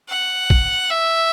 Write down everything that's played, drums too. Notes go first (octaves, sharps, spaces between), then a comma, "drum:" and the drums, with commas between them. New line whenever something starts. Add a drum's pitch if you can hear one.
F#5
drum: kick
E5